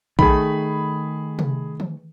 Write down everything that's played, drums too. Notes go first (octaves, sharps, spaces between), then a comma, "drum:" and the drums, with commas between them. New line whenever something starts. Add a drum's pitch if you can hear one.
D#3 A3 G#4 B5, drum: kick
drum: tom C3
drum: tom E3